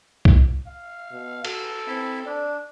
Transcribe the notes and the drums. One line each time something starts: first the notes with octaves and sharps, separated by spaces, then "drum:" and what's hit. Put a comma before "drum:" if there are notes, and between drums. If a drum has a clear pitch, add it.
drum: kick C2
F5
B2
F#4 A4, drum: cymbal
C4 E4 E5
D4 D5